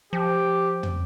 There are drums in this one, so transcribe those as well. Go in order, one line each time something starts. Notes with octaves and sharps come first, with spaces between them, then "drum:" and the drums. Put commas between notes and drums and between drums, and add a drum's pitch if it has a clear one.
F3 G4
drum: tom